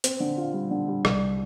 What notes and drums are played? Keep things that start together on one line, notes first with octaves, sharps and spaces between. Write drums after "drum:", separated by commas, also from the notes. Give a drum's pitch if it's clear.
C4, drum: hi-hat
D3
F4
G3
D3
G3
C2, drum: rim click